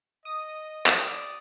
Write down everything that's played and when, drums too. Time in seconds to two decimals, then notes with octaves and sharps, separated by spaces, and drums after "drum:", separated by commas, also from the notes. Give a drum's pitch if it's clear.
0.25 D#5 D#6
0.86 drum: clap
1.02 D5